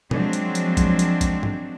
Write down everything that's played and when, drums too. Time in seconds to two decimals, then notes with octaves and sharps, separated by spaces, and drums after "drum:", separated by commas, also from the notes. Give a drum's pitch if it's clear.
0.11 F3 F#3 G#3 C4 D4, drum: tom
0.33 drum: hi-hat
0.55 drum: hi-hat
0.77 drum: kick A1, hi-hat
0.99 drum: hi-hat
1.21 drum: kick A1, hi-hat
1.43 drum: tom G#2